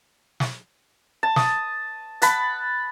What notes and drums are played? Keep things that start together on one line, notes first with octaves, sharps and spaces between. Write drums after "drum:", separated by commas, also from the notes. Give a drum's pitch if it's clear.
drum: snare
A5
D#6, drum: snare
F#5 A5 B5, drum: hi-hat